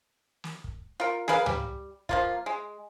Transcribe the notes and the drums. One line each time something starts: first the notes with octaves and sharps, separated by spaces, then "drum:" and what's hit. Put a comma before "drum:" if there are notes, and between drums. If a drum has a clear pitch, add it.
drum: snare
drum: kick
F4 A#4
G#4 A#4 B4 F5, drum: snare
G3, drum: tom C#2
F3 A#3 F4, drum: kick
G#3